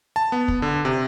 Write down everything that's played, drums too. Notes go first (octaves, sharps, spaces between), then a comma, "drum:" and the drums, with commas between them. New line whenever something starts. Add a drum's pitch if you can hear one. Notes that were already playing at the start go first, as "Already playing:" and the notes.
A5
B3
drum: kick
D3
C3